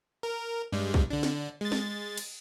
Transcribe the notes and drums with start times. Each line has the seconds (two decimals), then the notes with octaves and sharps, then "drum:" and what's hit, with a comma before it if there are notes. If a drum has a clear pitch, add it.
0.23 A#4
0.72 G2 G3 G#3
0.94 drum: kick
1.10 D3 D4
1.23 drum: snare
1.61 G#3 A6
1.72 drum: snare
2.17 drum: cymbal